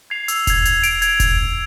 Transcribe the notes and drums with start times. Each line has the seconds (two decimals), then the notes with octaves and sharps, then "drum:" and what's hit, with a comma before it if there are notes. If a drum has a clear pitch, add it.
0.10 G#6 C7 F7
0.28 E6, drum: hi-hat
0.47 G#6 C7 F7, drum: kick E1, hi-hat
0.65 G#6, drum: hi-hat
0.83 D7 F7, drum: hi-hat
1.02 G#6, drum: hi-hat
1.20 drum: kick E1, hi-hat